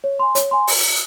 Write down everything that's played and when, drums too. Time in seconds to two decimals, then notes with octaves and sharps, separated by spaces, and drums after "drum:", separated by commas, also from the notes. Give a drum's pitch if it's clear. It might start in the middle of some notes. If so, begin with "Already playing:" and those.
0.04 C#5
0.19 G#5 C6
0.35 C#5, drum: hi-hat
0.51 G#5 C6
0.67 drum: open hi-hat